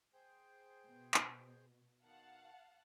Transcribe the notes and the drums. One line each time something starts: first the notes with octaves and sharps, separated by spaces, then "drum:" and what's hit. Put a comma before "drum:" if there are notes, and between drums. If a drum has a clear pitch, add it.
G#4 C5 G5
B2
drum: clap
B2 D#3 F5 F#5 A5